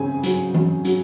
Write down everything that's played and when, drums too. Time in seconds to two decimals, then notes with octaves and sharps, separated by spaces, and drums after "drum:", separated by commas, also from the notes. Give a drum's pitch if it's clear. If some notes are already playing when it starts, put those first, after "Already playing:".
Already playing: C#3 C4 G#5
0.23 F#3, drum: hi-hat
0.54 F#3, drum: tom E3
0.85 F#3, drum: hi-hat